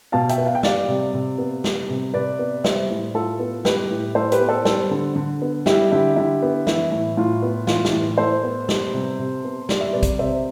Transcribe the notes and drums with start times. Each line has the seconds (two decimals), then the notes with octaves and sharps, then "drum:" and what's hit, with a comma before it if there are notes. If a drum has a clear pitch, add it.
0.12 B2 F5 A5
0.29 E5 G5, drum: hi-hat
0.38 B3
0.46 F5
0.55 G5
0.63 G3 D5 F5, drum: snare
0.88 C3
1.14 C3
1.38 B3
1.64 G3, drum: snare
1.89 C3
2.14 C3 B4 D5
2.39 B3
2.64 G3 C5 E5, drum: snare
2.90 A2
3.14 A2 F4 A4
3.39 B3
3.65 G3 G4 B4, drum: snare
3.91 A2
4.15 A2 A4 C5
4.32 G4 B4, drum: hi-hat
4.41 B3
4.49 A4 C5
4.65 G3 A4 C5, drum: snare
4.91 D3
5.16 D3
5.42 B3
5.66 G3 E4 G4, drum: snare
5.91 D3 E4 G4
6.16 D3 E4 G4
6.42 B3
6.67 E3 E4, drum: snare
6.92 A2
7.17 A2 F4
7.42 B3
7.67 E3 F4, drum: snare
7.85 E4 G4, drum: snare
7.93 A2
8.18 A2 A4 C5
8.43 B3
8.69 G3, drum: snare
8.93 C3
9.19 C3
9.44 B3
9.69 G3 D5, drum: snare
9.81 E5
9.93 C3 B4 D5
10.03 drum: kick, hi-hat
10.19 C3 C5 E5